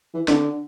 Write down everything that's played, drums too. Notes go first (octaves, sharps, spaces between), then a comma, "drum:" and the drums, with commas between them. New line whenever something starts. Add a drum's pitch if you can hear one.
E3
D3, drum: snare